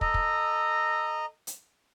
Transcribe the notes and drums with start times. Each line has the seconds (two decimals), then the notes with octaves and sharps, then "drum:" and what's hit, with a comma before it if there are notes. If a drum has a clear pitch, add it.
0.01 A4 D#5 A#5, drum: kick
0.14 drum: kick
1.47 drum: hi-hat